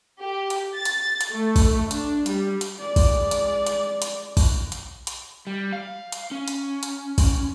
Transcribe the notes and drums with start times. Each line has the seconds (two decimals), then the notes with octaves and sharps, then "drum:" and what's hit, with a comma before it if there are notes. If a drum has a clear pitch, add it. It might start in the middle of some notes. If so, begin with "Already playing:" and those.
0.21 G4
0.50 drum: hi-hat
0.76 A6
0.85 drum: hi-hat
1.21 drum: hi-hat
1.31 A3
1.56 drum: kick, open hi-hat
1.91 D4, drum: hi-hat
2.26 G3, drum: hi-hat
2.61 drum: hi-hat
2.79 G#3 D5
2.96 drum: kick, open hi-hat
3.31 drum: hi-hat
3.67 drum: hi-hat
4.02 drum: hi-hat
4.37 drum: kick, open hi-hat
4.72 drum: hi-hat
5.07 drum: hi-hat
5.47 G3
5.73 F5
6.12 drum: hi-hat
6.31 C#4
6.48 drum: hi-hat
6.83 drum: hi-hat
7.18 drum: kick, open hi-hat